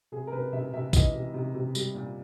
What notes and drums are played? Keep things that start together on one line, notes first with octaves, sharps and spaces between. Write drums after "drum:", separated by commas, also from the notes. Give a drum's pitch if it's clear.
C3 G#4
A#4
C3 B4
C3 E5
C3 E5
E3 D#5, drum: kick A#1, tambourine
C3
C3
C3
G3, drum: tambourine
A#2